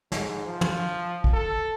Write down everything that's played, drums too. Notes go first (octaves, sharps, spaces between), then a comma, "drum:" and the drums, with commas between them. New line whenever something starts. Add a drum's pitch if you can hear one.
G#2, drum: snare
F3
drum: tom
drum: kick
A4